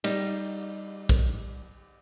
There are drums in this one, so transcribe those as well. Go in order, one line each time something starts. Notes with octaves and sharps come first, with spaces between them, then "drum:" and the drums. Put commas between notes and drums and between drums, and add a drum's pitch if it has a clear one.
G3 D#4, drum: cymbal
drum: kick